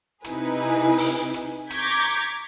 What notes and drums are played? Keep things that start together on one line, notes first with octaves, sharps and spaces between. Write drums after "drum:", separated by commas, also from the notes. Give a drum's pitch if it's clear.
C3 D#4 E4 G#4 B4, drum: hi-hat
drum: open hi-hat
drum: hi-hat
A#5 C#6 D6 G6 G#6 B6, drum: hi-hat